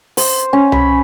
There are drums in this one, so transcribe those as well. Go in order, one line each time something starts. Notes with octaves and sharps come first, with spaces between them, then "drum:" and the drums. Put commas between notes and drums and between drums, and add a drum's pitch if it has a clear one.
C5, drum: open hi-hat
C#4
B5, drum: tom C2